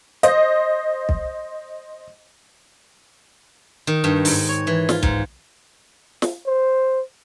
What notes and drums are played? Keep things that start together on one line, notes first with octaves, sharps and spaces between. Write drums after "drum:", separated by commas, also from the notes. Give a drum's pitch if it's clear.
C5 D#5, drum: hi-hat
drum: kick
D#3
G2
G#2, drum: open hi-hat
C#5
E3
F4, drum: snare
G#2, drum: kick
drum: snare
C5